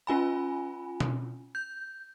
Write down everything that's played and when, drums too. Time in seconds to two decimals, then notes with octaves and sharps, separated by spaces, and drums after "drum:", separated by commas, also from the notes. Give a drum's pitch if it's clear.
0.07 C#4 F4 G#5 B5
1.00 drum: tom B2
1.55 G6